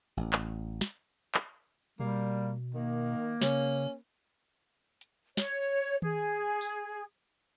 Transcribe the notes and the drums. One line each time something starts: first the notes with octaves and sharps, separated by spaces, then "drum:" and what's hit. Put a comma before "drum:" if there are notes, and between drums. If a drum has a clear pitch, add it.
A1
drum: clap
drum: snare
drum: clap
B2 G3 A#3
D#3 A#3
C#3 C#4, drum: snare
drum: hi-hat
C#5, drum: snare
G#4, drum: tom D#3
drum: tambourine